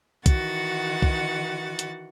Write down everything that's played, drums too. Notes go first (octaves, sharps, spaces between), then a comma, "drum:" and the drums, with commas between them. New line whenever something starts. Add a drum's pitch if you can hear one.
D#3 E3 F#4 F#5 A6, drum: kick, hi-hat
drum: kick
drum: hi-hat